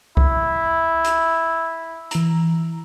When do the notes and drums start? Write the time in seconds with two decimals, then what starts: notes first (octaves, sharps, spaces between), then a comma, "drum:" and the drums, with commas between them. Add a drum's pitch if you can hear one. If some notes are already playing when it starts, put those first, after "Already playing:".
0.17 E4, drum: kick C2
1.05 drum: hi-hat
2.11 E3 A#5, drum: hi-hat